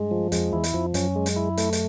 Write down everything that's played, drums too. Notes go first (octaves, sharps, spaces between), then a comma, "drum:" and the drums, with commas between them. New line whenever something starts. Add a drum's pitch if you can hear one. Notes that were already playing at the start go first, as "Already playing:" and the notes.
Already playing: G2 G#3
F3
F2 G#3, drum: hi-hat
E2 E4
drum: hi-hat
F2 F3
F#2 C#4, drum: hi-hat
G#3
drum: hi-hat
E4
A3, drum: hi-hat
drum: hi-hat